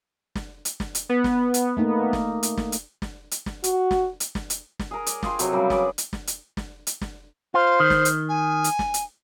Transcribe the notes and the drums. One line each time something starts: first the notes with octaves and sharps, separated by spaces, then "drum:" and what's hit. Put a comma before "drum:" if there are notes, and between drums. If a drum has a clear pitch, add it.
drum: snare
drum: hi-hat
drum: snare
drum: hi-hat
B3
drum: snare
drum: hi-hat
A3 A#3 D#4
drum: snare
drum: hi-hat
drum: snare
drum: hi-hat
drum: snare
drum: hi-hat
drum: snare
F#4, drum: hi-hat
drum: snare
drum: hi-hat
drum: snare
drum: hi-hat
drum: snare
G#4 A#4
D5, drum: hi-hat
F4 G#4 G5 C6, drum: snare
C3 F#3 A4 C#6, drum: hi-hat
C#3 F#3 G3 A#4
G#4 B4 D5 D6, drum: snare
drum: hi-hat
drum: snare
drum: hi-hat
drum: snare
drum: hi-hat
drum: snare
F4 C5
D#3
drum: snare
drum: hi-hat
G#5
drum: hi-hat
drum: snare
drum: hi-hat